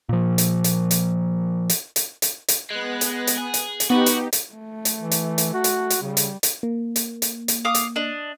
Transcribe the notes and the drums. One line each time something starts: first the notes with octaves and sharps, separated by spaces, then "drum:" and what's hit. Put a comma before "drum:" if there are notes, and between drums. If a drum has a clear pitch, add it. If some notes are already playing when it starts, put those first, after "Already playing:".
A#2 F3
drum: hi-hat
drum: hi-hat
drum: hi-hat
drum: hi-hat
drum: hi-hat
drum: hi-hat
drum: hi-hat
G#3 B3 F#6
drum: hi-hat
drum: hi-hat
G#4
drum: hi-hat
drum: hi-hat
B3 D#4 F#4 G4 B4
drum: hi-hat
drum: hi-hat
A3
drum: hi-hat
E3
drum: hi-hat
drum: hi-hat
F#4
drum: hi-hat
drum: hi-hat
C#3 G3
drum: hi-hat
drum: hi-hat
A#3
drum: hi-hat
drum: hi-hat
drum: hi-hat
F5 D6 D#6
drum: hi-hat
D4 D#5